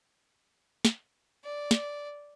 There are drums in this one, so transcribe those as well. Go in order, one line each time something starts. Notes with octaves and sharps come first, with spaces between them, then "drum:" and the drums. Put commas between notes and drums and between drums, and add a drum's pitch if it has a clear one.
drum: snare
D5
drum: snare